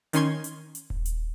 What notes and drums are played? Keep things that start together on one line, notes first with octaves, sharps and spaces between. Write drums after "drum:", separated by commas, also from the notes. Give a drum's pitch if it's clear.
D#3 C#4 C6 G#6, drum: hi-hat
drum: hi-hat
drum: hi-hat
drum: kick D#1
drum: hi-hat